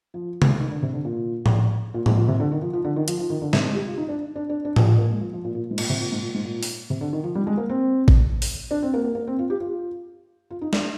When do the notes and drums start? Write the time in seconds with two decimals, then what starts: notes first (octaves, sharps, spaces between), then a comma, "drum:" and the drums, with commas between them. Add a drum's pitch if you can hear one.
0.14 F3
0.42 drum: tom C3
0.60 D#3
0.71 D3
0.83 C3
0.93 D3
1.05 A#2
1.46 drum: tom A2
1.94 A#2
2.06 G#2, drum: tom A2
2.17 A#2
2.28 C3
2.40 D3
2.52 D#3
2.62 F3
2.73 F3
2.84 D3
2.96 D#3
3.08 F3, drum: hi-hat
3.19 F3
3.30 D#3
3.42 D3
3.53 C3, drum: snare
3.64 G#3
3.74 G4
3.87 F4
3.97 D#4
4.09 D4
4.36 D4
4.49 D4
4.65 D4
4.76 F4, drum: tom A2
4.87 F4
4.98 A#3
5.11 G#3
5.21 F3
5.33 F3
5.45 A#2
5.55 A#2
5.71 G#2
5.78 A#2, drum: cymbal
5.90 C3
6.01 A#2
6.12 G#2
6.22 A#2
6.35 G#2
6.45 A#2
6.63 drum: open hi-hat
6.90 C3
7.01 D3
7.13 D#3
7.24 F3
7.35 G3
7.47 G#3
7.58 A#3
7.70 C4
8.08 drum: kick A1
8.42 drum: open hi-hat
8.71 D4
8.82 C4
8.94 A#3
9.04 A#3
9.15 A#3
9.27 C4
9.39 F4
9.50 G4
9.60 F4
10.51 F4
10.61 D#4
10.73 D4, drum: snare